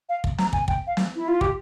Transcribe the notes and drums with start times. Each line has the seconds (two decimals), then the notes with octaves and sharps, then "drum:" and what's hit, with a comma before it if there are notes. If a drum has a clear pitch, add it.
0.09 F5
0.24 drum: kick
0.38 A#5, drum: snare
0.53 G#5, drum: kick
0.68 G5, drum: kick
0.87 F5
0.97 drum: snare
1.16 E4
1.28 F4
1.41 G4, drum: kick